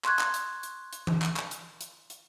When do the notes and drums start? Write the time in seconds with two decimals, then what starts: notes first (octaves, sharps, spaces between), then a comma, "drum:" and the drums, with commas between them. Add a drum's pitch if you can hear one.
0.05 C6 C#6 F#6 G#6, drum: clap
0.19 drum: clap
0.34 drum: hi-hat
0.63 drum: hi-hat
0.93 drum: hi-hat
1.07 drum: tom E3
1.22 drum: clap
1.37 drum: clap
1.51 drum: hi-hat
1.81 drum: hi-hat
2.10 drum: hi-hat